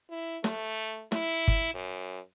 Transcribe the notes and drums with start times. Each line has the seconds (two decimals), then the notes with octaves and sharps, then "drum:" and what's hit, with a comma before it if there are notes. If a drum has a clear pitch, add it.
0.10 E4
0.44 A3, drum: snare
1.12 E4, drum: snare
1.48 drum: kick G1
1.74 F#2